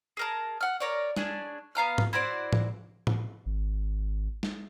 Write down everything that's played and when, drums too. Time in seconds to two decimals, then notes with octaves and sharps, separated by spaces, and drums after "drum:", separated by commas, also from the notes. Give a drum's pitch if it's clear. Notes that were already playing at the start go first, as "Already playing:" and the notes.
0.17 G#4 A#4 A5
0.61 F#5 F6
0.80 A#4 C#5 D5
1.17 C#4 D4 G#4, drum: snare
1.75 B3 F5 A#5 F6
1.98 drum: tom G#2
2.13 E4 F#4 C5 D5
2.53 drum: tom A2
3.07 drum: tom A2
3.46 G#1
4.43 drum: snare